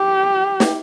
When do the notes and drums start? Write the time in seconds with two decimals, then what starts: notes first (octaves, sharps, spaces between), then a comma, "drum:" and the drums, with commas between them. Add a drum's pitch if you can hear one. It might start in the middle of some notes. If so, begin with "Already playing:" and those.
Already playing: G4
0.60 drum: snare